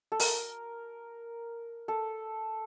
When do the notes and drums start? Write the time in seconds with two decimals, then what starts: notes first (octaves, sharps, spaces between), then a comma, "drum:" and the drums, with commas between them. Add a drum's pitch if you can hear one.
0.12 A4
0.20 A#4, drum: open hi-hat
1.88 A4